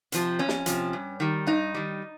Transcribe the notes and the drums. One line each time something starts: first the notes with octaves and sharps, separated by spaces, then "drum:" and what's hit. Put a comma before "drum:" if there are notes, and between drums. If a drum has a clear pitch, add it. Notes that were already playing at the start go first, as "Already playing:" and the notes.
C3 F3, drum: hi-hat
F2 C#4
drum: snare
C3 F3, drum: hi-hat
G2
D#3 G3
G2 D#4
D#3 G3